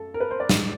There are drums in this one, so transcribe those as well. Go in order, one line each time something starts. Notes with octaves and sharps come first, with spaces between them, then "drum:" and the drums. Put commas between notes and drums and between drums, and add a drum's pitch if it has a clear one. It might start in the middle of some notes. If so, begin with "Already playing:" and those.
Already playing: F#2 A4
A#4
B4
C5
D5
G#2 E3 G#3, drum: snare